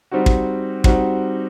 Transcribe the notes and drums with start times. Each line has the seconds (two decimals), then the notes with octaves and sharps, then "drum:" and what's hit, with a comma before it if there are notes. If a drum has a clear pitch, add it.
0.11 G3 C4 D#4 F#4
0.26 drum: kick
0.84 G3 C4 D#4 F#4, drum: kick